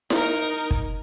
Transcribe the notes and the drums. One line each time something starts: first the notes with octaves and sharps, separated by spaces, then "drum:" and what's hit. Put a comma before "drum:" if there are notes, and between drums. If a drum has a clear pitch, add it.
D#4 A#4, drum: snare E4
drum: kick